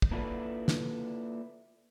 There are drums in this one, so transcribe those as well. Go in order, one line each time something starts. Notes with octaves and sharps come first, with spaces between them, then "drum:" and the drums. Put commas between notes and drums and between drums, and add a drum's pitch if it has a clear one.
drum: kick
A#3 D4 E4 F4 A4 B4
drum: snare